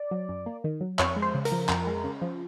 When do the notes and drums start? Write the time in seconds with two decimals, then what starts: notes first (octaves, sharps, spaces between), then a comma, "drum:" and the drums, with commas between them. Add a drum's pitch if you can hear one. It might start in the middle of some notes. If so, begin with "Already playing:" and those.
Already playing: D5
0.11 F#3
0.29 F#2
0.46 A#3
0.64 D#3
0.81 F#3
0.99 F2 C#5, drum: clap
1.16 G#3
1.22 C5
1.34 C#3
1.45 A#4, drum: hi-hat
1.52 F3
1.69 F2, drum: clap
1.87 G#3
2.04 C#3
2.22 F3